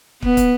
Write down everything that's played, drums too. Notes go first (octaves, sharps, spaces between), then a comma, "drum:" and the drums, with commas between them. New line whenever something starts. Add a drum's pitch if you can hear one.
B3, drum: kick
drum: kick, hi-hat